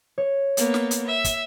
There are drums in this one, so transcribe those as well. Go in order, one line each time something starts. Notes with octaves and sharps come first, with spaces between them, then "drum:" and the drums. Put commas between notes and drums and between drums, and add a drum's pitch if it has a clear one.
C#5
A#3 B3, drum: hi-hat
drum: snare
drum: hi-hat
E5
drum: kick, hi-hat